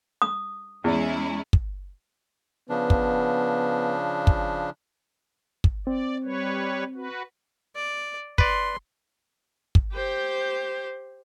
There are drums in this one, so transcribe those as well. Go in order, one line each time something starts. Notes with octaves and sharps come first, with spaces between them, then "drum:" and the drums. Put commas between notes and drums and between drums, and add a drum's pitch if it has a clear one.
D#6
E2 G#3 C#4 E4
drum: kick
C#3 F3 B3 D4
drum: kick
drum: kick
drum: kick
C4 D5
G3 B4 C#5
F#4 B4
D5
B4 D5 C6, drum: kick
drum: kick
G4 C5